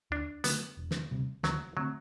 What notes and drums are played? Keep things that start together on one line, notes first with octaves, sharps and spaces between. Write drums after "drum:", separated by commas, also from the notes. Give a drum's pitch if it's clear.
D2 D4
D3 F#3 A3 B3, drum: hi-hat
E1
drum: snare
D2 C3 G3
D2 F#3, drum: snare
D3 F#3 A3 C4